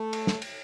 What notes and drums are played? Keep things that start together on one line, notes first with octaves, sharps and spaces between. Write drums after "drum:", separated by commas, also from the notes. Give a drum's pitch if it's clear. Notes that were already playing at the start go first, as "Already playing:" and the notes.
Already playing: A3
drum: cymbal
drum: snare
drum: cymbal